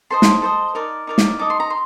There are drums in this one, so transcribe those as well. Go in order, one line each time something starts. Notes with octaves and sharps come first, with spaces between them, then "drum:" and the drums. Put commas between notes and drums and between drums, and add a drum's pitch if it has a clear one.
A4 C5 D#5 C6
drum: snare
A4 C5 D#5
D#4 A#4 D5
D#4 A#4 D5
drum: snare
D#4 A4 D#5 D6
C6
A#5
C6